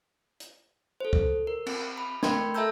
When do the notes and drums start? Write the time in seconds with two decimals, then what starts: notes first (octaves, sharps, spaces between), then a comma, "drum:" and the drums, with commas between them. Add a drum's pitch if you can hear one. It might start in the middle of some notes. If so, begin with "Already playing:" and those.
0.40 drum: hi-hat
1.00 A4 C5
1.13 drum: kick C#2
1.47 A#4
1.66 C4, drum: cymbal
1.98 B5
2.23 A3 A#4 G5 B5 C6 G#6, drum: snare
2.55 A4 E5 A5 A#5 E6 G6